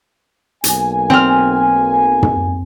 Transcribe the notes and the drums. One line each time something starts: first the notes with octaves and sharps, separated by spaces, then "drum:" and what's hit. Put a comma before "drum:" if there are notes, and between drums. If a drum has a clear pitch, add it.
B1 A#3 G#5, drum: hi-hat
C4 F6
drum: tom